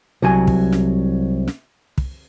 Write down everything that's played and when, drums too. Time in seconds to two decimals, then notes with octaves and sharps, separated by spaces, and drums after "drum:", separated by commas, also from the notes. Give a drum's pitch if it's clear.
0.22 C2 F#3 G#5
0.47 drum: kick
0.72 drum: snare
1.48 drum: snare
1.98 drum: kick